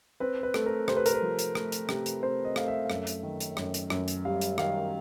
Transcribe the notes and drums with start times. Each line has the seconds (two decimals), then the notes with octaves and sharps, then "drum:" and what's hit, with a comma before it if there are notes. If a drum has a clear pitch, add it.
0.20 C4 B4
0.43 B4
0.54 A3, drum: rim click
0.66 A#4
0.88 C3 C5, drum: rim click
0.97 B4
1.06 A#4, drum: hi-hat
1.14 B4
1.22 F3
1.39 drum: hi-hat
1.55 A3, drum: rim click
1.72 drum: hi-hat
1.89 C3, drum: rim click
2.06 drum: hi-hat
2.22 C4 C5
2.45 D#5
2.56 A3 F5, drum: rim click
2.68 E5
2.85 F5
2.90 F#2 E5, drum: rim click
3.07 drum: hi-hat
3.23 D#3
3.40 drum: hi-hat
3.57 F#2, drum: rim click
3.74 drum: hi-hat
3.90 F#2, drum: rim click
4.08 drum: hi-hat
4.25 G3 F5
4.41 drum: hi-hat
4.58 D#3 F5, drum: rim click